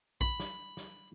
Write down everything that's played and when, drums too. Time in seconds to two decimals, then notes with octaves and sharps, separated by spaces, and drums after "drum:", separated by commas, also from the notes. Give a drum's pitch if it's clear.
0.21 B5, drum: kick A#1
0.40 drum: snare
0.77 drum: snare